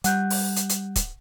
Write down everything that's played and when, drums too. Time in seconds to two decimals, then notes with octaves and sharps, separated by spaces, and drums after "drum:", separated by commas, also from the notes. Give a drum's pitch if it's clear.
0.04 G3 F#5 F#6 G6, drum: hi-hat
0.30 drum: open hi-hat
0.56 drum: hi-hat
0.70 drum: hi-hat
0.96 drum: kick C#1, hi-hat